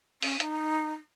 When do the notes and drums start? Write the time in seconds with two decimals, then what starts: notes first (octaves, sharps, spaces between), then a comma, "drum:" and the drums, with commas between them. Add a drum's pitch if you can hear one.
0.22 C#4, drum: open hi-hat
0.40 D#4, drum: hi-hat